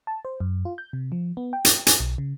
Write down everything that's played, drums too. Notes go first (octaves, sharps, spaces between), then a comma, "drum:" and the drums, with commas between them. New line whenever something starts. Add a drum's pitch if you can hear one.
A5
C5
F#2
F4
G6
C3
F3
B3
G5
drum: hi-hat
G#5, drum: hi-hat
B1
C#3